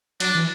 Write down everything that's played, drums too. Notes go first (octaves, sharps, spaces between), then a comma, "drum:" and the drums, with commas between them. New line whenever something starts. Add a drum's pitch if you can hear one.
F#3 D4, drum: cymbal
E3